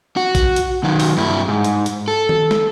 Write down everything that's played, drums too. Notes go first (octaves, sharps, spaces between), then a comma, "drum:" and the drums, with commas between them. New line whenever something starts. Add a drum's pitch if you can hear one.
F#4
drum: kick A1, hi-hat
drum: hi-hat
D#3 F#3
drum: open hi-hat
G2 E4
G#2
drum: hi-hat
drum: hi-hat
A4
drum: tom D#3
drum: snare